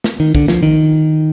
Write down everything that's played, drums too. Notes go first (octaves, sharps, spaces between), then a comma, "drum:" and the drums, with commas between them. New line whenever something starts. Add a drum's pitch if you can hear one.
drum: snare
D#3
D3, drum: kick
F3, drum: snare
D#3